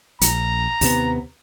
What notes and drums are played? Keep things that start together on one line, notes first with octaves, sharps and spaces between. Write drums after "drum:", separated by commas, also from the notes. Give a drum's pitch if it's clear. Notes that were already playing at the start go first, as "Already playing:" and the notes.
A#1 A#5, drum: hi-hat
D#2 C3 B3, drum: open hi-hat